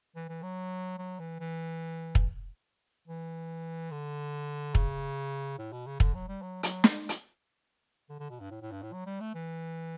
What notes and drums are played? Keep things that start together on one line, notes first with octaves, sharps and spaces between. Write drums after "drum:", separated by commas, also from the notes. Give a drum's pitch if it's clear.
E3
E3
F#3
F#3
E3
E3
drum: kick
E3
D3
C#3, drum: kick
A2
B2
C#3
D3, drum: kick
F#3
G3
F#3
F#3, drum: hi-hat
drum: snare
drum: hi-hat
D3
D3
B2
G2
A2
A2
G2
A2
F#3
G3
A3
E3